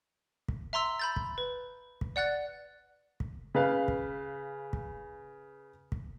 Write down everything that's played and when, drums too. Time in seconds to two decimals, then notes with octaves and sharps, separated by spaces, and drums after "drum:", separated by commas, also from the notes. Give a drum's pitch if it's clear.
0.49 drum: kick
0.73 E5 A#5 C6 E6
0.99 B5 G6 A6
1.16 drum: kick
1.38 B4
2.01 drum: kick
2.16 D5 F#5 F#6 A6
3.20 drum: kick
3.55 C#3 B4 F5
3.88 drum: kick
4.73 drum: kick
5.92 drum: kick